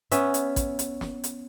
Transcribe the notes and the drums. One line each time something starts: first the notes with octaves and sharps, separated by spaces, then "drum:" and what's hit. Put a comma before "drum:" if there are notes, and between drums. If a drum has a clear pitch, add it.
B3 C#4 E5, drum: hi-hat
drum: hi-hat
drum: kick A1, hi-hat
drum: hi-hat
drum: snare
drum: hi-hat